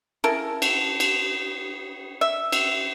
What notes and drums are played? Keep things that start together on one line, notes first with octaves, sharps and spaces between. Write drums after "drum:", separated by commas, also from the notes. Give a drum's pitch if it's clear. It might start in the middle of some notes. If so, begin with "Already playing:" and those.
C#3 E4 A4 A#4
drum: cymbal
drum: cymbal
E5
drum: cymbal